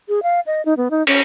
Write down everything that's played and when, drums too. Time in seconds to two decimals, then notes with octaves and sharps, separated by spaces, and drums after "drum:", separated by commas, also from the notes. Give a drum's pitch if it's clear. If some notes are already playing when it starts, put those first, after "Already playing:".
0.09 G#4
0.23 F5
0.46 D#5
0.65 D#4
0.77 B3
0.91 D#4
1.07 C#4, drum: cymbal